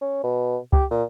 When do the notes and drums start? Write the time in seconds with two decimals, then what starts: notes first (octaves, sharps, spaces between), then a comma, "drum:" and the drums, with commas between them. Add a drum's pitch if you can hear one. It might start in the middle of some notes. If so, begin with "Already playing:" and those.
0.01 C#4
0.23 B2
0.73 G4, drum: kick
0.91 A#2